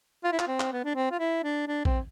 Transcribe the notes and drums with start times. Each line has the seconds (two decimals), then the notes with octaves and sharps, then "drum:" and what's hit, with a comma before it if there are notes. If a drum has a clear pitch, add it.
0.24 F4
0.32 E4
0.39 F4, drum: clap
0.48 C4
0.60 drum: clap
0.72 B3
0.84 D4
0.95 C4
1.11 F4
1.19 E4
1.43 D4
1.67 D4
1.85 C4, drum: kick